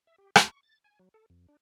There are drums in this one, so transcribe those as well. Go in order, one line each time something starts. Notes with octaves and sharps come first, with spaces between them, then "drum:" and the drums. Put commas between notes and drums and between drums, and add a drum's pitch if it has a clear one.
E5
G4
D2, drum: rim click
C#6
A6
G#5
F#3
A4
F2
D4